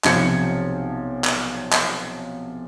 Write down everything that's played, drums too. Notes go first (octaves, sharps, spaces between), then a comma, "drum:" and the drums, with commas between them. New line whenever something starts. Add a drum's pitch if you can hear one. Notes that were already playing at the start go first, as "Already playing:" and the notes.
B1 C3 F3 G#6 C#7, drum: clap
drum: clap
drum: clap